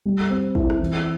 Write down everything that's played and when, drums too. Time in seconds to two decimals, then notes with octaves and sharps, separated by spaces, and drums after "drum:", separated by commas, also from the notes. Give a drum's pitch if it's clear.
0.06 G3
0.30 C4
0.55 E4, drum: kick
0.70 drum: rim click
0.80 E3